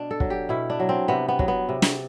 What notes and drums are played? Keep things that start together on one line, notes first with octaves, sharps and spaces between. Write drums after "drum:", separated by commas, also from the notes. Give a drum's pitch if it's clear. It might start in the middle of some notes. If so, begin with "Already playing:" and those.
Already playing: B2 D4
A4
F#3, drum: kick
G4
B2 E4
D4
F#3
C4
C3 B3
B3
F#3, drum: kick
B3
C3
drum: snare